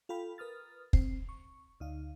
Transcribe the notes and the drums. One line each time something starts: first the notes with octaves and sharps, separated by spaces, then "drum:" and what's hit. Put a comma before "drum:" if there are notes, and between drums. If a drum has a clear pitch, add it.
F4 A4 F5 G5 B5
A#4 B4 D#6 F6 A6
C4, drum: kick
C#6
D2 D#4 F5